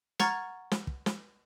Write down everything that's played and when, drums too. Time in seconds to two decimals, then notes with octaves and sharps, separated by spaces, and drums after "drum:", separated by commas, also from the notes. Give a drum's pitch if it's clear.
0.19 F#5 A#5 C#6 F6 G#6 A6, drum: snare
0.71 drum: snare
0.87 drum: kick
1.06 drum: snare